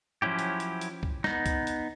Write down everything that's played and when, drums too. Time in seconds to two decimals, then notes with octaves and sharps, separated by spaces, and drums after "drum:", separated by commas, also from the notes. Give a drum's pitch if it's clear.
0.22 F3 F#3 C#4 E4 G4
0.39 drum: hi-hat
0.60 drum: hi-hat
0.81 drum: hi-hat
1.03 drum: kick C2
1.24 B3 D#4, drum: snare
1.46 drum: kick C2, hi-hat
1.67 drum: hi-hat